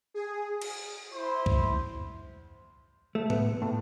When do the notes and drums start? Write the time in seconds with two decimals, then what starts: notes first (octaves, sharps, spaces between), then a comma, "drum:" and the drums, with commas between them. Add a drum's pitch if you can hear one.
0.14 G#4
0.62 drum: cymbal
1.13 E4 C5 C6
1.46 drum: kick
3.15 A3
3.30 B3, drum: tom A2
3.62 A2